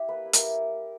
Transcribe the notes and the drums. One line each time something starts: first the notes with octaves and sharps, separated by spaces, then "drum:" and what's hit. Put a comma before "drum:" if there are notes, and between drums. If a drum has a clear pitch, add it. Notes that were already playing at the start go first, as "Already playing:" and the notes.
Already playing: E4 G4
A#3 B4
E4
A#4, drum: hi-hat
E4